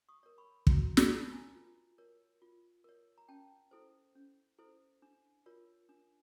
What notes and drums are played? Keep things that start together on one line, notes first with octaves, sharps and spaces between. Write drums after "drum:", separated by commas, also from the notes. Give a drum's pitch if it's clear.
C#6 D#6
A#4 C#5
B5 C#6
F#4 A#5 C6, drum: kick
drum: snare
A#4 C#5 A5 B5
G#5 A#5
F4
A#4 C#5
F4
A#4 C#5
A#5
C#4 G5 A5
E4 A4 C5
C#4
E4 A4 C5
D4
F4 A#4 C#5
D4